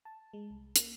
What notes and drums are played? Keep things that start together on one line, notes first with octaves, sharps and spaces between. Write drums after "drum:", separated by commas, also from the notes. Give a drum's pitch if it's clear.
A5
G#3
C2
A#3, drum: hi-hat